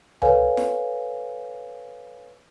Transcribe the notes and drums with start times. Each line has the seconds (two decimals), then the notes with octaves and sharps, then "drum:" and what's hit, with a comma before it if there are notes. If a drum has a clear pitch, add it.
0.22 A4 B4 C#5 F5 G#5, drum: tom C#2
0.57 drum: snare